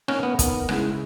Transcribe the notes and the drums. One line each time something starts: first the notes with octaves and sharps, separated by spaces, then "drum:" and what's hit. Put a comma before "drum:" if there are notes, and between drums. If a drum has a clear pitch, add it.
A#3 C#4 D#4 A#4, drum: rim click
B3
B3, drum: kick, hi-hat
C#3 G#3 C#4 E4 G#4, drum: rim click